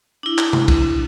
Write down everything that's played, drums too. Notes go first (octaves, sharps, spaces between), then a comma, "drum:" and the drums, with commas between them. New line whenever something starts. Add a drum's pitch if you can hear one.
D4 E4
drum: clap
drum: tom C3
drum: kick, cymbal